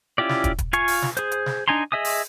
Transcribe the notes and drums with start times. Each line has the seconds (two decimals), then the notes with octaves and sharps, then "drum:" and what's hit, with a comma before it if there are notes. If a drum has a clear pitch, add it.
0.18 C#4 E4 F4 G4 D5
0.29 drum: snare
0.44 drum: kick, hi-hat
0.58 drum: kick, hi-hat
0.73 F4 F5 G#5 C#6, drum: hi-hat
0.88 drum: open hi-hat
1.02 drum: snare
1.17 G#4 C5, drum: hi-hat
1.32 drum: hi-hat
1.46 drum: snare
1.68 D4 D#4 G#5 A#5 C6
1.92 G#4 D#5 E5 G#5 D#6
2.05 drum: open hi-hat